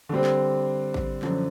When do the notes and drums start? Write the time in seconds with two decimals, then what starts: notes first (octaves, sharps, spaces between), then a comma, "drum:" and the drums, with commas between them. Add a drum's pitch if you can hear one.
0.09 D3 G3 C4
0.24 drum: clap
0.94 drum: kick A1
1.22 F#2 D3 F3, drum: clap